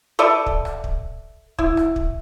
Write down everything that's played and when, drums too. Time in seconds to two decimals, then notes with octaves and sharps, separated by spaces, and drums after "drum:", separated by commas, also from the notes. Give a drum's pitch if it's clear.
0.19 A4 B4 D5 E5
0.46 drum: kick
0.65 drum: rim click
0.84 drum: kick
1.59 E4, drum: kick
1.77 drum: rim click
1.96 drum: kick